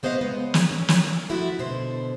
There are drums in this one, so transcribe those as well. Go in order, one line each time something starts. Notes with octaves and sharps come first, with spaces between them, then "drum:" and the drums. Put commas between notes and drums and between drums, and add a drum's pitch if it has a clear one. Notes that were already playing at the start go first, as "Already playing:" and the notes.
A3 B3 C5 D#5 F5
C#3 G#3 B3
drum: snare
C#4
drum: snare
F3 A3 E4 F#4
B2 D3 C5